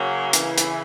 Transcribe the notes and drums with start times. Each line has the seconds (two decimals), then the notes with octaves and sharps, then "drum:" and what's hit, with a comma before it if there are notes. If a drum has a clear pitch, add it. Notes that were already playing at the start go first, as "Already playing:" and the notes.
Already playing: C#3 F#3 A#3
0.33 C#3 E3, drum: hi-hat
0.58 drum: hi-hat